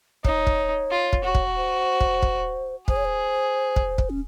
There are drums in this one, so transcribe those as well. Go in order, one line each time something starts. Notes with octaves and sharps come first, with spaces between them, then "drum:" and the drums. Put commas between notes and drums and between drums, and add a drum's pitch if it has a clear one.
D#4 C#5, drum: kick
drum: kick
F4
drum: kick
F#4
drum: kick
C5
drum: kick
drum: kick
G#4 C5, drum: kick
C#5
C5
drum: kick
drum: kick
C#4